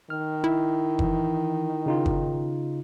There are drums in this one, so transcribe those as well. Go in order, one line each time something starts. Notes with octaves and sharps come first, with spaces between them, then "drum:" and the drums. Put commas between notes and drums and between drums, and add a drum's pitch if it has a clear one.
D#3 F6
E4
E3, drum: kick F#1
C#3 D#4 F4
drum: kick F#1